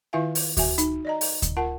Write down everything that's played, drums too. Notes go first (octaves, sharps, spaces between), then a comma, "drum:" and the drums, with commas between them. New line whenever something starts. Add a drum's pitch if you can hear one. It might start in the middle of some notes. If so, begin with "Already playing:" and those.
D#3 E4 F4 E5 F5 G#5
drum: open hi-hat
F#4 E5 G#5, drum: kick D2, open hi-hat
D#4, drum: hi-hat
D5 D#5 A#5
drum: open hi-hat
drum: kick D2, hi-hat
F4 A#4 F#5 A5